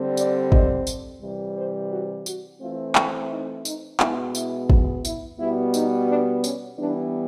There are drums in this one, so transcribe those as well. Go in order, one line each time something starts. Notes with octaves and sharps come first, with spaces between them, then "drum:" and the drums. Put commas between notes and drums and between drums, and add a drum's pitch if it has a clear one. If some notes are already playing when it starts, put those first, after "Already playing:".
Already playing: D3 G3 C4
D5, drum: tambourine
D#5, drum: kick
drum: tambourine
C3 E3 G3
C5
F#4
F#4, drum: tambourine
E3 A3 C4 F4
E4, drum: clap
D#4
D#4, drum: tambourine
B2 G#3 B3 E4, drum: clap
E4, drum: tambourine
drum: kick
E4, drum: tambourine
B2 G3 B3 E4
D#4, drum: tambourine
D4
C#4, drum: tambourine
E3 G3 B3 D4